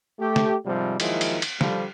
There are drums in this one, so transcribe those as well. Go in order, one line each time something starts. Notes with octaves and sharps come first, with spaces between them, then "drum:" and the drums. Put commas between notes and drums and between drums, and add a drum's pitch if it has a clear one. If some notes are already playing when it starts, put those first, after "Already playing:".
A3 G4
drum: snare
G#2 C3 F3 G3
D#3 F3 F#3 G#3 A#3 E4, drum: cymbal
drum: cymbal
drum: cymbal
D3 F3 G3, drum: snare